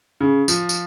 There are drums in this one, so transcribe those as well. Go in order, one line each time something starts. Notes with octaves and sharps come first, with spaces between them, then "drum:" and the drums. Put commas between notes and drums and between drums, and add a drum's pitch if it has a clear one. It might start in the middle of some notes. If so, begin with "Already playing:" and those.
C#3
F3, drum: tambourine
drum: tambourine